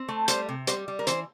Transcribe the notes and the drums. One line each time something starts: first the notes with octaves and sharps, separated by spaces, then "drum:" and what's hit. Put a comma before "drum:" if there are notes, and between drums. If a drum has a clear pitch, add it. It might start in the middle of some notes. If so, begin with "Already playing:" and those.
Already playing: C4
A3
G3 C5, drum: hi-hat
C3
G3 C5, drum: hi-hat
G3
A#4
E3 C5, drum: hi-hat